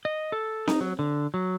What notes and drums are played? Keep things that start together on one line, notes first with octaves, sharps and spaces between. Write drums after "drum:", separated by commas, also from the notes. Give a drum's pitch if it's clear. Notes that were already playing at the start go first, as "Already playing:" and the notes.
D#5
A4
D#4, drum: snare C4
F#3
D3
F#3